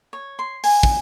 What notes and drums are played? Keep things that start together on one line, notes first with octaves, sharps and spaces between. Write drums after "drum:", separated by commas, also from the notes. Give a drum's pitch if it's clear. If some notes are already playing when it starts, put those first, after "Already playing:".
C#5
C6
G#5, drum: open hi-hat
drum: kick